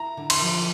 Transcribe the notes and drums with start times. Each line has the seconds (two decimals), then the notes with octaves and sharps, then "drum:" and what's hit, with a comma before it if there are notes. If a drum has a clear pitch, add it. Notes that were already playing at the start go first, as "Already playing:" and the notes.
Already playing: E4 A#5
0.17 D3
0.30 C6, drum: cymbal
0.42 F3